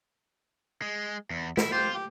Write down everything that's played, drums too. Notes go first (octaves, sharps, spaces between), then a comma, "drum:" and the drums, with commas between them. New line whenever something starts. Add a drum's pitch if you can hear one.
G#3
E2
E4, drum: snare
F4 G4 C5
G4